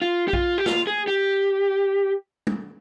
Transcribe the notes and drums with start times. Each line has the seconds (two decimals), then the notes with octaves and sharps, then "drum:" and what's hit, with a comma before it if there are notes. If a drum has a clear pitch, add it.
0.02 F4
0.28 G4
0.33 F4, drum: kick A#1
0.58 G4
0.66 F4, drum: snare
0.87 G#4
1.07 G4
2.47 drum: tom